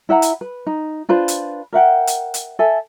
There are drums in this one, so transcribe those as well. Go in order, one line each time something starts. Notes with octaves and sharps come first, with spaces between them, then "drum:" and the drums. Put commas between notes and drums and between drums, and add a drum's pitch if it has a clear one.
E4 E5 F#5 A#5
drum: hi-hat
B4
D#4
D4 F4 B4 C5
drum: hi-hat
A#4 E5 F#5 G5
drum: hi-hat
drum: hi-hat
A4 E5 G#5